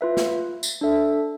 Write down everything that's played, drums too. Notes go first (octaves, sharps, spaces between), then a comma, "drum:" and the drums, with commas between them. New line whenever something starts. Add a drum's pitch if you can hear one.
F4 B4 E5
drum: snare
drum: tambourine
D4 A4 E5